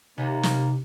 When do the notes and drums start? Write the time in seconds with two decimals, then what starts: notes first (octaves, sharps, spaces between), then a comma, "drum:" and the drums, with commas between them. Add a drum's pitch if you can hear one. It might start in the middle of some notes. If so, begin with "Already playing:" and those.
0.18 D#2 C3 A#3 D#4
0.43 drum: snare